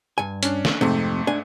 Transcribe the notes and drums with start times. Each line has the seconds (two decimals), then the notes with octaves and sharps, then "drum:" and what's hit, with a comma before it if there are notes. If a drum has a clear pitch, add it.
0.18 G2 G#5
0.43 C#4 D4, drum: hi-hat
0.65 drum: snare
0.81 F2 G#2 C3 A3
1.27 D4 G#5